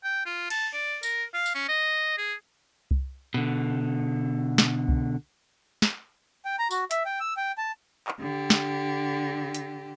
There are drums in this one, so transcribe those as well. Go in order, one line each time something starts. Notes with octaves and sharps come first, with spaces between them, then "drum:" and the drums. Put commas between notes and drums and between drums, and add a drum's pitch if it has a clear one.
G5
F4
A5, drum: cymbal
D5
A#4, drum: tambourine
F5
drum: tambourine
C#4
D#5
G#4
drum: kick C2
B2 D3
drum: snare
drum: kick C2
drum: snare
G5
A#5
F#4, drum: tambourine
E5, drum: hi-hat
G5
E6
G5
A5
drum: clap
D3 G4
drum: snare
drum: hi-hat